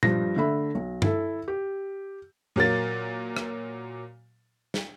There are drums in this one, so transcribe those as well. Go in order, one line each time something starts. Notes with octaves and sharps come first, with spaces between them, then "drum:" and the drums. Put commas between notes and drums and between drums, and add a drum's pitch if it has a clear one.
G2 F3 A#6, drum: tom A#2
D3 A3 E5 B5
B1
E4 A4, drum: tom G2
G4
A#2 F#3 A#3 A6
drum: rim click
drum: snare